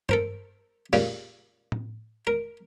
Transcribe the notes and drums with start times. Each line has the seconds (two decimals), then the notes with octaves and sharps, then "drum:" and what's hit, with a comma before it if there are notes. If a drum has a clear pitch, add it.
0.09 A4 A#4 C5, drum: tom G2
0.93 A#2 C#3 G3, drum: open hi-hat
1.72 drum: tom A2
2.27 A#4